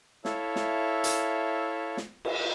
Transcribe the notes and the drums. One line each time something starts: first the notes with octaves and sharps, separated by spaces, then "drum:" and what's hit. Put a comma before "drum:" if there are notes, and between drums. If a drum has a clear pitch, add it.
E4 A4 C#5 E5 F5, drum: snare
drum: snare
drum: hi-hat
drum: snare
drum: cymbal